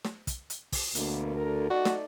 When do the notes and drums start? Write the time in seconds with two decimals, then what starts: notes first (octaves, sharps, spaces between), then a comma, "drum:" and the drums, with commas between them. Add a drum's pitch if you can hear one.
0.05 drum: snare
0.27 drum: kick, hi-hat
0.50 drum: hi-hat
0.72 drum: kick, open hi-hat
0.95 D2 B2 A#3, drum: hi-hat
1.37 D3 A4 A#4
1.70 A3 D#4 F#4 D5
1.85 drum: snare